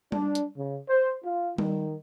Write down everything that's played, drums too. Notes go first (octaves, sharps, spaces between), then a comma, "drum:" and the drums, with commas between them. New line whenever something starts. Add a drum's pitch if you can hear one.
D4, drum: tom G3
drum: hi-hat
C#3
C5
F4
D#3, drum: tom G3